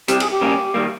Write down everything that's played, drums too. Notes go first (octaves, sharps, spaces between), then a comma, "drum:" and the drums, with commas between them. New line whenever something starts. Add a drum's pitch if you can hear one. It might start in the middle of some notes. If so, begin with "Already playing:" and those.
C3 G3 C4 G4, drum: hi-hat
G#4, drum: cymbal
G4
C#3 G3 A#3 C#4
D#3 G3 A#3